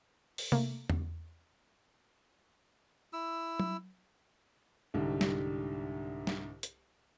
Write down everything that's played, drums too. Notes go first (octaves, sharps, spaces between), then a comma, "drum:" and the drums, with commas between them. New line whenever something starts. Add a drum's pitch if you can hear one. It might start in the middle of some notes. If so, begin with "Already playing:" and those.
drum: open hi-hat
A3 A#3, drum: tom C3
drum: tom E2
E4 E6
drum: tom F#3
C2 G#2 D3 G3
drum: snare
drum: snare
drum: hi-hat